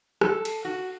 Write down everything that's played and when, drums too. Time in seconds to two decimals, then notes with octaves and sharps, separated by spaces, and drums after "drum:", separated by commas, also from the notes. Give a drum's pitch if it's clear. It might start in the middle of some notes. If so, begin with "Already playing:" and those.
0.21 A4, drum: rim click
0.45 drum: cymbal
0.65 F#4